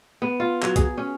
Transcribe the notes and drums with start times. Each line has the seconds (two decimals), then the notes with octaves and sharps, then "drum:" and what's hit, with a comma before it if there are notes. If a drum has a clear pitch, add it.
0.22 B3
0.40 F4
0.63 F#3, drum: clap
0.76 G#4, drum: kick B1, hi-hat
0.97 C#4